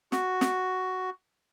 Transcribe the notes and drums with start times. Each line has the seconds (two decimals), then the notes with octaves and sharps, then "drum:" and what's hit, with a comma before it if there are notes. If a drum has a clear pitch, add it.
0.12 F#4, drum: snare
0.41 drum: snare